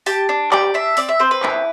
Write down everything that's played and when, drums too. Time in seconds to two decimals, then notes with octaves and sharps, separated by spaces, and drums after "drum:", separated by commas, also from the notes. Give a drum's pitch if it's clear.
0.06 G4 A5, drum: open hi-hat
0.29 D4
0.52 G4 D5, drum: clap
0.74 D4 E5
0.97 C4 D5, drum: open hi-hat
1.09 E5
1.20 C4 C5
1.31 B4
1.43 E4, drum: clap